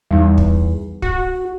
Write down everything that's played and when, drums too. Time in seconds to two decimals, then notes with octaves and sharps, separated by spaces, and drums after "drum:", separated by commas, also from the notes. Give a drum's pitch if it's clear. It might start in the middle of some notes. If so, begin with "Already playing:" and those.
0.11 E2 G3 D#4
0.38 drum: kick
1.02 F#4, drum: kick